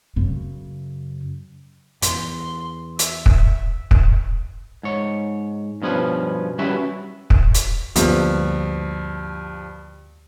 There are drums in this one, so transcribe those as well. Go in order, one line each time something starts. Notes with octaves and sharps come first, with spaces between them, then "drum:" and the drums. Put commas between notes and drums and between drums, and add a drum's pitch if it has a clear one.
F#2 C#3
E2 C6, drum: hi-hat
E5, drum: hi-hat
drum: kick
drum: kick
G#2 C#5
G2 B2 F3 C#4 B4
G3 C#4 E4 F#4 B4 E5
drum: kick
drum: hi-hat
D2 G2 F3 A#3 B3, drum: hi-hat